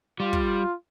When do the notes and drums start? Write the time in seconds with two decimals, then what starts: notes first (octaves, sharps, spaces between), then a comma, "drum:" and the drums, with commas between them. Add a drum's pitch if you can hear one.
0.20 G3 F4
0.33 drum: kick